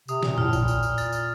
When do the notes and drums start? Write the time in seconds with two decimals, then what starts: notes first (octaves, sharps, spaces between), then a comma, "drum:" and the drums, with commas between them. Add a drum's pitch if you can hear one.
0.08 C3 D#6, drum: tambourine
0.23 A#2, drum: snare
0.38 A2 F6, drum: tom E2
0.53 A#2, drum: kick, tambourine
0.68 drum: tambourine
0.83 drum: tambourine
0.98 A6, drum: tambourine
1.13 drum: tambourine